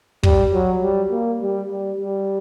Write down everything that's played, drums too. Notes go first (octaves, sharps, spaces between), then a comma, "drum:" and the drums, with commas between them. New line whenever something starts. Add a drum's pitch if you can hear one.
G3, drum: kick
F#3
G3
A#3
G3
G3
G3